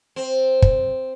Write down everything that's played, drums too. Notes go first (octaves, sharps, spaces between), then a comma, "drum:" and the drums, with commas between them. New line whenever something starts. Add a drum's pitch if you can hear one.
C4
drum: kick